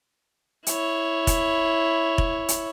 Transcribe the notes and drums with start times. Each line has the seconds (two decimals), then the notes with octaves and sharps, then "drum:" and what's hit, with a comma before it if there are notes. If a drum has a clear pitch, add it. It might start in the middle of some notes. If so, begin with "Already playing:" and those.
0.66 E4 C#5, drum: hi-hat
1.27 drum: kick F1, hi-hat
2.18 drum: kick F1
2.48 drum: hi-hat